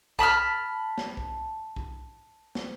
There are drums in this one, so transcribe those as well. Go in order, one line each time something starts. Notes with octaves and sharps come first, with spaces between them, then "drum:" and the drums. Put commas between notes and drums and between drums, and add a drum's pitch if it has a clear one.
A5 B5 E6 F6, drum: kick B1
drum: snare
drum: kick B1
drum: kick B1
drum: snare